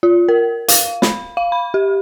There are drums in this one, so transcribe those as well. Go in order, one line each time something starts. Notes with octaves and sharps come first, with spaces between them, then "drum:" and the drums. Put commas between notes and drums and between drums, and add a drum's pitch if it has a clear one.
F4
A#4
F5, drum: hi-hat
B5, drum: snare
F5
B5
G4